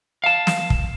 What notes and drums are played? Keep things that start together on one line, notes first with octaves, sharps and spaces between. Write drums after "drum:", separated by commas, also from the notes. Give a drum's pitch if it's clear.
F5 A5
drum: snare
drum: kick